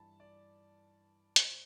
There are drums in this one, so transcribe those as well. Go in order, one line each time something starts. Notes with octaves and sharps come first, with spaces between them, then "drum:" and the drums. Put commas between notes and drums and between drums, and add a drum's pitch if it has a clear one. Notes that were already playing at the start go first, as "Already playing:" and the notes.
Already playing: G2 E3 A5 B5
D5
C5, drum: hi-hat